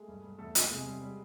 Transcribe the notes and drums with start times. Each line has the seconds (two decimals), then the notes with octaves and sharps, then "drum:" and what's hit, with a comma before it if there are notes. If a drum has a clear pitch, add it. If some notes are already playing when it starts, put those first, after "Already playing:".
Already playing: G#3 A3 G#4
0.08 G2
0.23 G2
0.38 E2 A3 A4
0.55 E2, drum: hi-hat
0.70 C3 G#3 G#4
0.86 G3
1.02 G3